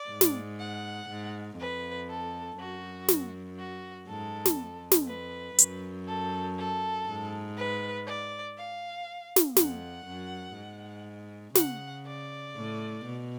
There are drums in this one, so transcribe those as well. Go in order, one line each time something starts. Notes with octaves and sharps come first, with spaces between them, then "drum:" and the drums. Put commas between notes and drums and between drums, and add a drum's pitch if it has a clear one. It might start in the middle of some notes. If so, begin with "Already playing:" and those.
Already playing: D5
G#2
drum: snare
F#5
G#2
F2 B4
A4
F#2 F#4
drum: snare
F#4
G#2 A4
drum: snare
F2
drum: snare
B4
F#2, drum: hi-hat
A4
A4
G#2
B4
D5
F5
drum: snare
F2 F#5, drum: snare
F#2
G#2
C#3 F#5, drum: snare
D5
A2
B2